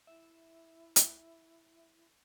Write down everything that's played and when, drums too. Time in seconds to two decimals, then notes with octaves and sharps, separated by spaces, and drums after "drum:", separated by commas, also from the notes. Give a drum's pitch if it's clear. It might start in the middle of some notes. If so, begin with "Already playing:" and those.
0.07 E4 E5
0.96 drum: hi-hat